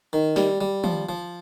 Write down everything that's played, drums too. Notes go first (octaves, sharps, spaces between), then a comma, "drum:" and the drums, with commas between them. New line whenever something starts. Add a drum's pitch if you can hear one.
D#3
G3, drum: snare
G3
F3, drum: tom
F3